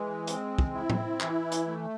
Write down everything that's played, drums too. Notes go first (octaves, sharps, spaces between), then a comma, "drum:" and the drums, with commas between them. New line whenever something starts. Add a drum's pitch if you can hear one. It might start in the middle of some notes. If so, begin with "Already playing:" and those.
Already playing: E3 G#3
C4, drum: hi-hat
drum: kick
E4
drum: tom A2
E3, drum: clap
drum: hi-hat
A3